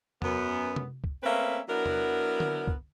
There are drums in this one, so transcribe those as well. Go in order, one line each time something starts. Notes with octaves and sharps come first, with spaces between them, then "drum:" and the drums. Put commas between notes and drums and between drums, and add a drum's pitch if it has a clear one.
F#2 B3, drum: tom E2
drum: tom C3
drum: kick
A3 A#3 C4 C#4 B4 E5
F#3 B3 D4 E4 A#4
drum: tom E2
drum: tom D3
drum: kick